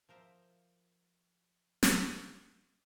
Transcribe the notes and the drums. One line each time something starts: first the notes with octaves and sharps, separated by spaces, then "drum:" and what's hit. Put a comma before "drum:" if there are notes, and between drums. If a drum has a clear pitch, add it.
F3 A#4 C5 E5
drum: snare